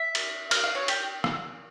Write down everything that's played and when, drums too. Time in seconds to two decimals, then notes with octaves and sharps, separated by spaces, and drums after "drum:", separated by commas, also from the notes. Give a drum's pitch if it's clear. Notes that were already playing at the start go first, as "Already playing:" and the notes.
Already playing: E5
0.15 drum: cymbal
0.51 F5, drum: cymbal
0.64 F5
0.75 C#5
0.88 G4, drum: cymbal
1.24 drum: rim click